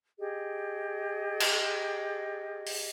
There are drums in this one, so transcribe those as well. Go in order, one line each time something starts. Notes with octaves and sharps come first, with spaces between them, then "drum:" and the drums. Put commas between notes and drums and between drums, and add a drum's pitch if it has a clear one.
G4 G#4 D#5
drum: cymbal
drum: open hi-hat